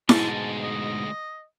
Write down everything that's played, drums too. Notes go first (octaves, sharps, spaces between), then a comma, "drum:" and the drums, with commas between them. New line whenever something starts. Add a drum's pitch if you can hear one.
D2 G#2 B2 G#3 A5, drum: snare E4
D#5